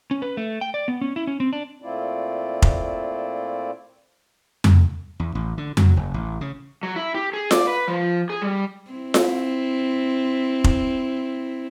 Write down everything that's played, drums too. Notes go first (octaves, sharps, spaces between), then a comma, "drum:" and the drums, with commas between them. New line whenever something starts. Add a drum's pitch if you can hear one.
C#4
B4
A3
G5
D5
B3
C#4
E4
C#4
C4
D4
A#2 A3 C4 E4 F4 D5
drum: kick F1
drum: tom F2
E2
A1
D3
F#3, drum: tom F2
F#1
A1
C#3
F#3
E4
G4
G#4
D5, drum: snare F4
B4
F3
G#4
G3
C4 E4
drum: snare F4
drum: kick F1